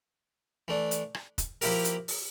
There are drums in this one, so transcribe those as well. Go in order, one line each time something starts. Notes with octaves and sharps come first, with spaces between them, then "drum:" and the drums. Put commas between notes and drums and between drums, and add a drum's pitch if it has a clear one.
E3 A3 D4
drum: hi-hat
drum: rim click
drum: kick, hi-hat
F3 A#3 E4 G4 A#4, drum: open hi-hat
drum: hi-hat
drum: open hi-hat